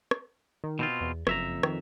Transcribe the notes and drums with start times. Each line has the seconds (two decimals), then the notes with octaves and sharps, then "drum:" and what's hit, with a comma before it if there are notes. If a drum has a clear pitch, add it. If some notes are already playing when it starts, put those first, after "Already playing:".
0.11 drum: rim click
0.64 D#3
0.79 B2 C4 F4
1.01 E2
1.27 F#1 F2 E5 A#5, drum: rim click
1.63 D#3, drum: rim click